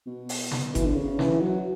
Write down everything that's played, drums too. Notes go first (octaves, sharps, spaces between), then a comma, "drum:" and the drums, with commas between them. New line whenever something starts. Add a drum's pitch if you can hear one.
B2
drum: open hi-hat
drum: snare
E3, drum: kick G1, hi-hat
D3
C#3
E3, drum: snare
F#3